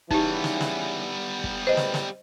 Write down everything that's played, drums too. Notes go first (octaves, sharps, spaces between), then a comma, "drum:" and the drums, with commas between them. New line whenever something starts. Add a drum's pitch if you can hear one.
C#3 E3 G3 B3 D#4 G4, drum: kick
drum: snare
drum: snare
drum: kick
A2 C#3 B4 C5 D#5
drum: snare
drum: snare